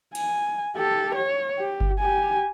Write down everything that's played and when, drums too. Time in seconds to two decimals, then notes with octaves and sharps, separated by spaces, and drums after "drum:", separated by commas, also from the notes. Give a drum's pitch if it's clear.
0.15 G#5, drum: cymbal
0.76 G4 A4
1.15 C#5
1.59 G4
1.81 drum: kick G1
2.00 G4 G#5